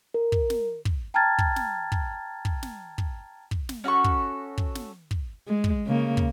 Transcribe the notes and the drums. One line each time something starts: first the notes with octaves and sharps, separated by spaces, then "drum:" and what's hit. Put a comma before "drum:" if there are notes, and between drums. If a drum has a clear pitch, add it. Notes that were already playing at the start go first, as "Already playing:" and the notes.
A#4
drum: kick
drum: snare
drum: kick
G5 A5 A#5 F6 G#6 A6
drum: kick
drum: snare
drum: kick
drum: kick
drum: snare
drum: kick
drum: kick
drum: snare
C#4 F#4 A4 C#6
drum: kick
drum: kick
drum: snare
drum: kick
G#3
drum: kick
C#3 A#3
drum: kick